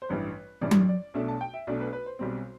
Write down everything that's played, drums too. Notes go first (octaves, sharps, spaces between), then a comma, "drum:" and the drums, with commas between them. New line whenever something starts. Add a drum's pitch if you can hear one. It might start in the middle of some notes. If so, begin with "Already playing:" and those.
C5
A1 G2 E3 G3 B4
A1 G2 E3 G3 D5
drum: tom F#3
D5
B1 B2 A3 D4 E5
A5
G5
E5
B1 B2 A3 D4 D5
B4
B4
C5
B1 B2 G3 C4